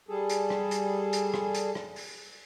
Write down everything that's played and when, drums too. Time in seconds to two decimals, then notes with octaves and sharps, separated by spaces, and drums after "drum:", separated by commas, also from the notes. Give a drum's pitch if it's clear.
0.09 G3 G#4 A4
0.30 drum: hi-hat
0.50 drum: rim click
0.71 drum: hi-hat
1.13 drum: hi-hat
1.34 drum: rim click
1.55 drum: hi-hat
1.75 drum: rim click
1.96 drum: open hi-hat